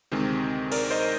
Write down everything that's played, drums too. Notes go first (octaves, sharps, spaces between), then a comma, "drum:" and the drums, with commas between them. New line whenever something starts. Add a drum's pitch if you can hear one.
D2 C3 D#3 G#3 C4
A#4 D5, drum: cymbal
C5 D#5